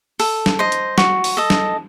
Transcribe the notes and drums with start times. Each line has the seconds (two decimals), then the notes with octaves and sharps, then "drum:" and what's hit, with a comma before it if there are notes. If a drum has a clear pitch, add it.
0.20 A4, drum: open hi-hat
0.46 drum: snare
0.59 C5 D#5
0.72 drum: hi-hat
0.98 F#4, drum: snare
1.24 drum: open hi-hat
1.37 A4 D#5
1.50 drum: snare